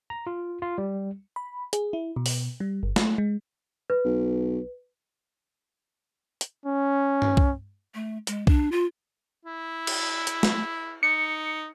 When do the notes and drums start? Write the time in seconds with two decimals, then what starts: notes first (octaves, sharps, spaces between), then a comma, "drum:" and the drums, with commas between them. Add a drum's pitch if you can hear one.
0.10 A#5
0.27 F4
0.62 F4
0.78 G3
1.36 B5
1.73 G#4, drum: hi-hat
1.93 E4
2.16 B2
2.26 drum: open hi-hat
2.60 G3
2.83 G1
2.96 A3, drum: snare
3.18 G#3
3.90 B4
4.05 B1
6.41 drum: hi-hat
6.66 C#4
7.22 drum: tom G2
7.37 drum: kick C2
7.95 A3
8.27 G#3, drum: hi-hat
8.47 D4, drum: kick C2
8.72 F4
9.45 E4
9.87 drum: cymbal
10.27 drum: hi-hat
10.43 drum: snare
11.03 D#4 C#7